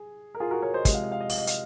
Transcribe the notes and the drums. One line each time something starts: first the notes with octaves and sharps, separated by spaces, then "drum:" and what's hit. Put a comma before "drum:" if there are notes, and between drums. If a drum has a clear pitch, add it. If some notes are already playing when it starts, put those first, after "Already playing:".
Already playing: G#4
A#4
F4 G#4
F#4 A#4
A#4 C#5
C5 D#5
C3 F3 G#3 D#5, drum: kick, hi-hat
F5
D#5
F5
D#5
F5, drum: open hi-hat
D#5
F5, drum: hi-hat